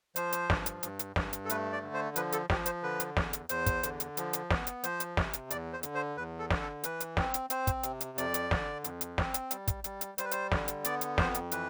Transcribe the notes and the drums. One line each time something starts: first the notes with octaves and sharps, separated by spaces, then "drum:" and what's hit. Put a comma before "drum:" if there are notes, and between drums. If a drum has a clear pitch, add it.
F3 C5, drum: hi-hat
drum: hi-hat
G2, drum: snare
drum: hi-hat
G2, drum: hi-hat
drum: hi-hat
G2, drum: snare
drum: hi-hat
A4
A3 B4, drum: hi-hat
D5
D3
C5
F3 B4, drum: hi-hat
A4, drum: hi-hat
F3 G4, drum: snare
C5, drum: hi-hat
D3 B4
drum: hi-hat
E2, drum: snare
drum: hi-hat
E2 C5, drum: hi-hat
drum: kick, hi-hat
D3, drum: hi-hat
drum: hi-hat
F3, drum: hi-hat
drum: hi-hat
B3, drum: snare
drum: hi-hat
F3 C5, drum: hi-hat
drum: hi-hat
C3, drum: snare
drum: hi-hat
E2 D5, drum: hi-hat
C5
D3, drum: hi-hat
C5
E2 B4
A4
D3, drum: snare
A4
E3 B4, drum: hi-hat
drum: hi-hat
C4, drum: snare
drum: hi-hat
C4 C5, drum: hi-hat
drum: kick, hi-hat
C3, drum: hi-hat
drum: hi-hat
F2 D5, drum: hi-hat
drum: hi-hat
D3, drum: snare
F2, drum: hi-hat
drum: hi-hat
C4, drum: snare
drum: hi-hat
G3, drum: hi-hat
drum: kick, hi-hat
G3, drum: hi-hat
drum: hi-hat
G3 C5, drum: hi-hat
B4
C5, drum: hi-hat
D3, drum: snare
drum: hi-hat
B3 D5, drum: hi-hat
drum: hi-hat
F2 C5, drum: snare
drum: hi-hat
E3 B4, drum: hi-hat